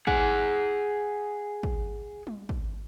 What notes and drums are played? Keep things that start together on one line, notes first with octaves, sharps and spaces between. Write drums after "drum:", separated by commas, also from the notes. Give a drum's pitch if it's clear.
G#4 F#5, drum: kick
drum: kick
drum: tom G3
drum: kick